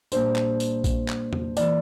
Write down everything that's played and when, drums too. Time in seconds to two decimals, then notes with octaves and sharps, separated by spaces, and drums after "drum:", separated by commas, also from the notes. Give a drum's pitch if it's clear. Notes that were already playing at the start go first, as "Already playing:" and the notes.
0.12 A#2 G3 D4 C5, drum: tambourine
0.36 drum: clap
0.60 drum: tambourine
0.84 drum: kick A#1, tambourine
1.08 drum: clap
1.33 drum: tom E2
1.57 E3 A#3 D5, drum: tambourine